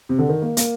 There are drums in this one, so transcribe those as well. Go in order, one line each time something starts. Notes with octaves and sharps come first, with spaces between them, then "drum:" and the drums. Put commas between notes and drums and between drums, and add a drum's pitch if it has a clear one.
C3
D3
D#3
A#3
A#3, drum: hi-hat